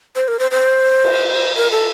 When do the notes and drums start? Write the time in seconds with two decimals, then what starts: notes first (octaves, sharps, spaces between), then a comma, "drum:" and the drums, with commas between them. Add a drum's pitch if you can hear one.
0.16 C5
0.28 A#4
0.39 C5
0.51 C5
1.04 drum: cymbal
1.56 A#4
1.71 A4